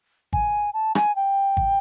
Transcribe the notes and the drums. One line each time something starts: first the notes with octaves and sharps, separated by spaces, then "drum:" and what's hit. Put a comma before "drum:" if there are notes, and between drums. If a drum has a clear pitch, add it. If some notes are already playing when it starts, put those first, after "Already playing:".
G#5, drum: kick G#1
A5
G#5, drum: rim click
G5
drum: kick G#1